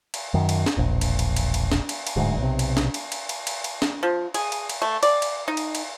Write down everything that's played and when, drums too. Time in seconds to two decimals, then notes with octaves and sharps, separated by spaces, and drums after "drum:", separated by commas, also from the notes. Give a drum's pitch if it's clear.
0.14 drum: cymbal
0.34 F#2 D#3
0.49 drum: cymbal
0.66 drum: snare
0.77 E1 A#1
1.01 drum: cymbal
1.19 drum: cymbal
1.36 drum: cymbal
1.54 drum: cymbal
1.72 drum: snare
1.89 drum: cymbal
2.07 drum: cymbal
2.16 D1 D2 G#2
2.38 B1 C3
2.59 drum: cymbal
2.77 drum: snare
2.94 drum: cymbal
3.12 drum: cymbal
3.29 drum: cymbal
3.47 drum: cymbal
3.64 drum: cymbal
3.82 drum: snare
4.03 F3
4.34 G#4, drum: cymbal
4.52 drum: cymbal
4.69 drum: cymbal
4.82 A3
5.03 D5, drum: cymbal
5.22 drum: cymbal
5.48 D#4
5.57 drum: cymbal
5.75 drum: cymbal